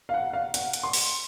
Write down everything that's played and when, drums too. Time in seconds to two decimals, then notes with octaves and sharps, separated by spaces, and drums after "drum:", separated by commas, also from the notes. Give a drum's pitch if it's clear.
0.09 F5
0.14 F#5
0.33 F5
0.54 F#5, drum: hi-hat
0.73 drum: hi-hat
0.83 C6
0.93 drum: open hi-hat